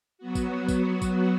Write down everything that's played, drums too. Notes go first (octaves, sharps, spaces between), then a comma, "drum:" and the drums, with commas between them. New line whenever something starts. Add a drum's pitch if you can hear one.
F#3 B3 F#4
drum: kick, tambourine
drum: kick, tambourine
drum: kick, tambourine